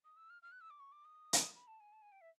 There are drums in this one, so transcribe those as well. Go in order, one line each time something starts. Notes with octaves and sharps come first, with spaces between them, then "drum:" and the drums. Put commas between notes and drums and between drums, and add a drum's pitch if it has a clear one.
D#6
E6
F6
F6
F#6
E6
D6
C#6
D6
D#6
drum: hi-hat
B5
A5
G#5
A5
G#5
G5
E5